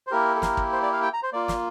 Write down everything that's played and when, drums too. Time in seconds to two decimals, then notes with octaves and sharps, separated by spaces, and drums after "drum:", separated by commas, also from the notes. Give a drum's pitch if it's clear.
0.07 C5
0.11 A#3 E4 G4 A#4
0.36 A4
0.42 A#4, drum: snare
0.57 drum: kick
0.72 C5
0.82 D5
0.93 F5
1.02 G5
1.13 A#5
1.23 C5
1.33 A#3 F4 D5
1.48 drum: snare